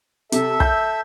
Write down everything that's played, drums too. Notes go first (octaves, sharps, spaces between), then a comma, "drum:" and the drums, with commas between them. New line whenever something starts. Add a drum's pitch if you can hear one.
C3 A4 E5, drum: hi-hat
G6, drum: kick